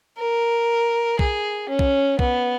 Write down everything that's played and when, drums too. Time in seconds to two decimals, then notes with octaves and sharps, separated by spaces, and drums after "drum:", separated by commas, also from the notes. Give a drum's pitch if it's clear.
0.18 A#4
1.19 G#4, drum: kick
1.69 C#4
1.79 drum: kick
2.19 B3, drum: kick